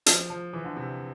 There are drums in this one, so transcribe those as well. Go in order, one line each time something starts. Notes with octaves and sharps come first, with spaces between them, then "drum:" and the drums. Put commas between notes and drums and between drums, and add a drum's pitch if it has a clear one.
F3, drum: hi-hat
F3
E3
D3
C3